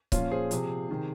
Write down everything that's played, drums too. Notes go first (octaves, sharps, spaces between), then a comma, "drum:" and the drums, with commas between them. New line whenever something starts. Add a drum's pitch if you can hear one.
A#2 F3 C#4 F4, drum: kick C#1, hi-hat
G#4 C5
C3 F3, drum: hi-hat
C3 D#3